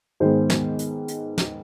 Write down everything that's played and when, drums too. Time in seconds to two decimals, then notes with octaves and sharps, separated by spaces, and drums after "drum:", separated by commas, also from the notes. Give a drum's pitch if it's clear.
0.20 G#2 D#3 G#3 B3 C5
0.50 drum: snare
0.79 drum: hi-hat
1.08 drum: hi-hat
1.38 drum: snare